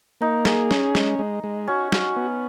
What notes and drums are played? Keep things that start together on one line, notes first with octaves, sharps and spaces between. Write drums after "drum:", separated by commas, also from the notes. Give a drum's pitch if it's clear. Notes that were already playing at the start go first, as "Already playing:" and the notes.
A#3 D#4
G#4, drum: snare
C#4, drum: snare
G#3, drum: snare
G#3
G#3
C#4 F#4
F#4, drum: snare
B3